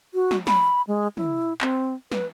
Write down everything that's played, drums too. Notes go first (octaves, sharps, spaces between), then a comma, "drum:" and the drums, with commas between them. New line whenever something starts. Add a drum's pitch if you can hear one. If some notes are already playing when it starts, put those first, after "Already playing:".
F#4
drum: snare
B5, drum: snare
G#3
E4, drum: tom
C4, drum: clap
B4, drum: snare